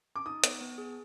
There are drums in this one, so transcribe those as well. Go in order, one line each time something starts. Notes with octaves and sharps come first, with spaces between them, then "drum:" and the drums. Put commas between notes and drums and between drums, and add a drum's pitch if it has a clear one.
D6
D#4 D#6
B3, drum: hi-hat
B3
G#4